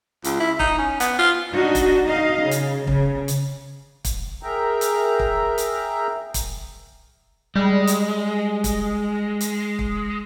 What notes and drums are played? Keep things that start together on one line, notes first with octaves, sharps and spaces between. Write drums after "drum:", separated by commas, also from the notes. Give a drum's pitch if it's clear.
C#2, drum: hi-hat
E4
D#4, drum: kick
C#4
B3, drum: hi-hat
F4
D4 D#4 F#4 D#5
drum: kick, hi-hat
D#4 D#5 F5
C#3
drum: hi-hat
C#3, drum: kick
drum: hi-hat
drum: kick, hi-hat
G#4 A#4 E5 G5 A#5
drum: hi-hat
drum: kick
drum: hi-hat
drum: kick, hi-hat
G3 G#3
drum: hi-hat
drum: kick, hi-hat
drum: hi-hat
drum: kick